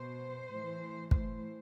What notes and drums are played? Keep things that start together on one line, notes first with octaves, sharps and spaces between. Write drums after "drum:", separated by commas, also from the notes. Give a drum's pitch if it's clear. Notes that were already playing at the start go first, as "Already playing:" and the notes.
Already playing: B2 C5
A2 E3
A2 E3 C5, drum: kick